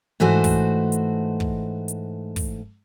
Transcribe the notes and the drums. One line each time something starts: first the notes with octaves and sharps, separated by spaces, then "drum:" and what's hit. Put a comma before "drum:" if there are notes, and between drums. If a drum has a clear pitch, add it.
G#2 E3 A3 F#4 C5
drum: kick, open hi-hat
drum: hi-hat
drum: kick
drum: hi-hat
drum: kick, open hi-hat